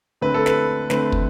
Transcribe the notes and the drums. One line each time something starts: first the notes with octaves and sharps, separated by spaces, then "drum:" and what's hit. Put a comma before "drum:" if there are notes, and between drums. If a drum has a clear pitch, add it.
D3 A3 C4 B4
A4
B4, drum: snare
D3 A3 C4 B4, drum: snare
drum: kick